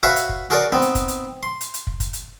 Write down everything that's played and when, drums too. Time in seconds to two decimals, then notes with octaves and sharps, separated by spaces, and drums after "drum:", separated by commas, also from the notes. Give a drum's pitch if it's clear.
0.03 F#4 B4 C#5 E5 F5 G#5
0.16 drum: hi-hat
0.29 drum: kick
0.50 F#4 G#4 A#4 C#5 D5
0.72 B3 C4 D#4
0.82 drum: hi-hat
0.95 drum: kick, hi-hat
1.08 drum: hi-hat
1.43 C6
1.61 drum: hi-hat
1.74 drum: hi-hat
1.87 drum: kick
2.00 drum: kick, hi-hat
2.13 drum: hi-hat